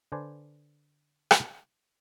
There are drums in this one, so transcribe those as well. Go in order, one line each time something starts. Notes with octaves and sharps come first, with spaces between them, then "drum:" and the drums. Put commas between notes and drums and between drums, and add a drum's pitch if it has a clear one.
D3 B4 C5 D5 G#5 A5
drum: rim click